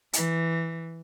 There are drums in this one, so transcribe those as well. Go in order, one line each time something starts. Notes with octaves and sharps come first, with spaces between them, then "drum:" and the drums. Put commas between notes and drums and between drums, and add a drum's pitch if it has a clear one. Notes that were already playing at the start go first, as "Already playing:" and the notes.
E3, drum: hi-hat